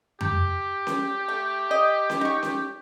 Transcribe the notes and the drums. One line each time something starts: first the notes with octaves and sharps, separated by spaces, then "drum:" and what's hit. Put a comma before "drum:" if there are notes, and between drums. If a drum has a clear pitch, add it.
G4, drum: tom F2
drum: snare C#4
A3
D#5
drum: snare C#4
D#4 C#6
drum: snare C#4